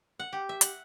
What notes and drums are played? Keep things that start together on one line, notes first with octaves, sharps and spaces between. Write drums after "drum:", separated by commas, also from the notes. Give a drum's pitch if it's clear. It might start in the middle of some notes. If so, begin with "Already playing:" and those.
F#5
G4
E5
F#5, drum: hi-hat